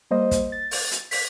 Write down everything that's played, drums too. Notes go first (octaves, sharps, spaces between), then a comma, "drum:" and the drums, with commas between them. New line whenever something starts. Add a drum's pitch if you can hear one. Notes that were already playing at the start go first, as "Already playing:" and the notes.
G3 A#3 C5 D#5
drum: kick, hi-hat
A6
drum: open hi-hat
drum: hi-hat
B6, drum: open hi-hat